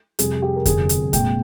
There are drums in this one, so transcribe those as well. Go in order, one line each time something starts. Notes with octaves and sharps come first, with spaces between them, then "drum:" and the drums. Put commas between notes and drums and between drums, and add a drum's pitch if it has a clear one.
F2 C3 G3 C4 G#4, drum: hi-hat
G4
A#4
G1 F2 C3 G#4, drum: kick F2, hi-hat
drum: hi-hat
A#1 A#2 G#3 C4 G5, drum: kick F2, hi-hat